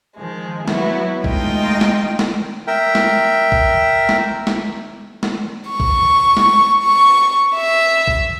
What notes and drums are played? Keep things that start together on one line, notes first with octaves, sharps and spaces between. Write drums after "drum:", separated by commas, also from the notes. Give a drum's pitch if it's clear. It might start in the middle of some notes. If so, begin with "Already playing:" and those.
D#3 F3 G#3
F#3 B3 E4, drum: snare
G#3 A3 D#4 F4 D#5 G5, drum: kick A1
drum: snare
drum: snare
A#4 E5 G5
drum: snare
drum: kick A1
drum: snare
drum: snare
drum: snare
C#6
drum: kick A1
drum: snare
C#6
E5
drum: kick A1